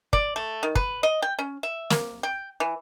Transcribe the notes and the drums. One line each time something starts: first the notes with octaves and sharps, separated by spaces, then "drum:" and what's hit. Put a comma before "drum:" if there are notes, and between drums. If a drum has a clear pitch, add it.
D5, drum: kick
A3
D#3
B4, drum: kick
D#5
G5
C#4
E5
A#3, drum: snare
G5
E3